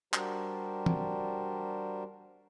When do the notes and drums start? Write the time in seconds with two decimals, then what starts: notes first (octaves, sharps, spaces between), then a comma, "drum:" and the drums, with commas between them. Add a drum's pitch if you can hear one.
0.13 G3 D4 F#4 G4 A#4 C5, drum: clap
0.86 drum: tom E3